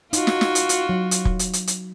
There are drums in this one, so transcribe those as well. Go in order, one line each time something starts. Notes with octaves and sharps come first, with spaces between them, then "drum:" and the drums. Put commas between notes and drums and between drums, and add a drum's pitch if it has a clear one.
D#4 F4 F#4, drum: hi-hat
drum: snare
drum: snare
drum: hi-hat
drum: hi-hat
F#3
drum: hi-hat
drum: kick
drum: hi-hat
drum: hi-hat
drum: hi-hat